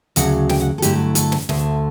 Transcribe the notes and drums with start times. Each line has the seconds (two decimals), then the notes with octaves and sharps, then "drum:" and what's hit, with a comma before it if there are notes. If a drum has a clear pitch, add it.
0.16 D2 C#3 F#3 F#5, drum: hi-hat
0.49 G5, drum: snare
0.61 F#5
0.78 A4
0.82 G2 D3 F#3 A3 E4 G4, drum: hi-hat
1.15 A4, drum: hi-hat
1.32 drum: snare
1.49 D2 D3 A3, drum: snare